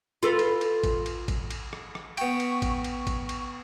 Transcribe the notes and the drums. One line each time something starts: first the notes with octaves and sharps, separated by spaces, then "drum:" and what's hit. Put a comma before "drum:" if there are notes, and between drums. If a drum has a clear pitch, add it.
F4 A4 B4
drum: cymbal
drum: cymbal
drum: kick G#1, cymbal
drum: cymbal
drum: kick G#1, cymbal
drum: cymbal
drum: rim click
drum: rim click
B3 G5 C#6, drum: cymbal
drum: cymbal
drum: kick G#1, cymbal
C#6
drum: cymbal
drum: kick G#1, cymbal
drum: cymbal